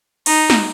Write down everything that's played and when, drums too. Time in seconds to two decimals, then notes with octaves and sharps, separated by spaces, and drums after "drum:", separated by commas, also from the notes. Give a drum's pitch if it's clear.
0.26 D#4, drum: cymbal
0.50 drum: snare